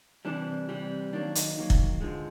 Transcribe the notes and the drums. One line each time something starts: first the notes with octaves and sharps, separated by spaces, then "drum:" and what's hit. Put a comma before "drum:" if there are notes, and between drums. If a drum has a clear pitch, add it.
C3 E3 G3 D4
C3 E3 G3
D#3 F#3 A#3 D4
D#4, drum: hi-hat
D#3 F#3 A#3
drum: kick
D3 F3 G#3